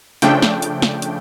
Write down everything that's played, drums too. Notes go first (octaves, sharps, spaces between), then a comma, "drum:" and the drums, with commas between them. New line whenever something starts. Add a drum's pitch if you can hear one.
C#3 F3 A3 D4 G5, drum: hi-hat
drum: snare
drum: hi-hat
drum: snare
drum: hi-hat